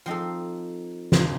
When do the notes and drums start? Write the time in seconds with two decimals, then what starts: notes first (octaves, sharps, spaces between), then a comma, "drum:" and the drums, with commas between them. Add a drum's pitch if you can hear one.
0.06 F3 C4 D#4 A4
1.12 C3 D#3 A#3, drum: snare